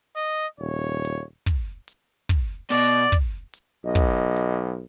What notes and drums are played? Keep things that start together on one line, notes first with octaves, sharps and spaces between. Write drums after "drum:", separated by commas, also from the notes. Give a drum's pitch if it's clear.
D#5
D#1 C#5
drum: hi-hat
drum: kick, hi-hat
drum: hi-hat
drum: kick, hi-hat
B2 D5, drum: hi-hat
drum: kick, hi-hat
drum: hi-hat
B1 D#5
drum: kick
drum: hi-hat